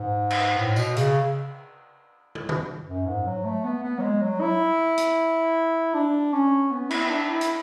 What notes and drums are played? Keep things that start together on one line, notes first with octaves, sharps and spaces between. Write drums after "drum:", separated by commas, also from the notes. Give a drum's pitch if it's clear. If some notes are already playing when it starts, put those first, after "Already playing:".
Already playing: G#2
drum: cymbal
A2
B2, drum: tambourine
C#3, drum: hi-hat
drum: tom
drum: tom
F#2
G#2
F#3
A3
B3
B3
F#3
G#3
F#3
E4
drum: hi-hat
D4
C#4
B3
E4, drum: cymbal
D4
E4
drum: hi-hat